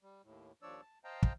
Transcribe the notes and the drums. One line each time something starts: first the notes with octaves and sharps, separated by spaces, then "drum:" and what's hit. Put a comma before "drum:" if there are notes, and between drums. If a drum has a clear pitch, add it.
G3
D#2 A2
D#2 F3 D4 C#5 D5 E6
A5
C5 D#5 F5 G5 A5 A#5
drum: kick